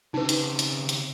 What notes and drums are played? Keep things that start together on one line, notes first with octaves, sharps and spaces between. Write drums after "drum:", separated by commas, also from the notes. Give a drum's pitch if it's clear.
C#3 C4 D#4 B4
drum: hi-hat
drum: hi-hat
drum: hi-hat